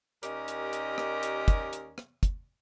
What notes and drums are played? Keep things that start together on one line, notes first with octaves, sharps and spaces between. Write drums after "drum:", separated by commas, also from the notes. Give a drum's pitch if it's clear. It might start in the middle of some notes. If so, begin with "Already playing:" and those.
D#2 C#4 G4 A#4 D5 D#5, drum: hi-hat
drum: hi-hat
drum: hi-hat
drum: rim click
drum: hi-hat
drum: kick, hi-hat
drum: hi-hat
drum: rim click
drum: kick, hi-hat